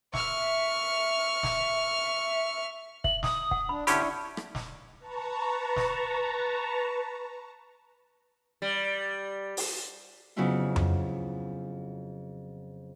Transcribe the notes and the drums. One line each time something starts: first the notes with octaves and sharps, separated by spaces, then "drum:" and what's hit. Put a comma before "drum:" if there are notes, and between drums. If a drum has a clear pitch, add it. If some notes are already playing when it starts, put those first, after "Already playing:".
E5 C#6 F6, drum: snare
drum: snare
E5 F#7, drum: kick
D#6, drum: snare
F#5, drum: kick
D4 B5
D3 C#4 D4 E4 G4 B5 C#6, drum: hi-hat
drum: rim click
drum: snare
B4 A5 A#5 C#6
drum: snare
G3
drum: open hi-hat
F2 C#3 F#3 B3 E4 F4
drum: tom F2